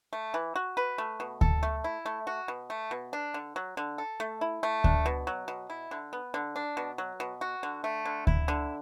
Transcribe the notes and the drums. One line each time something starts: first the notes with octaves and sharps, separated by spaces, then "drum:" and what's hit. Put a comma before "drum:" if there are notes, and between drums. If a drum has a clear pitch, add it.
A3
E3
F#4
B4
A3
B2
A4, drum: kick D2
A3
E4
A3
F#4
B2
A3
B2
D4
D3
F#3
D3
A4
A3
E4
A3
D4, drum: kick D2
B2
F#3
B2
E4
D3
B3
D3
D4
B2
F#3
B2
F#4
D3
A3
D3
E4, drum: kick D2
D3